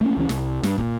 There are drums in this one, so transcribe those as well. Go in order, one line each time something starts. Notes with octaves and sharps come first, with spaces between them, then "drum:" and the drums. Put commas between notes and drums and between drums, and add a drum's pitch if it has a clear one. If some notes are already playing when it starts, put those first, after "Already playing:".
A3 A#3 C4 C#4
C#2 E3 C#4
C2, drum: snare
G2, drum: snare
A#2, drum: kick